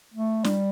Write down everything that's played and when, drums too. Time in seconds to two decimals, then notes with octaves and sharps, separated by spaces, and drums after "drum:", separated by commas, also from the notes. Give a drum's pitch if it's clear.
0.14 A3
0.44 G3, drum: snare